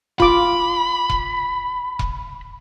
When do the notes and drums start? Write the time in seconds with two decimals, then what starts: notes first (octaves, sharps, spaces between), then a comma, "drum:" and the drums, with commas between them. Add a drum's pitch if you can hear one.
0.20 F4 B5 D6, drum: kick E1
1.09 drum: kick E1
1.99 drum: kick E1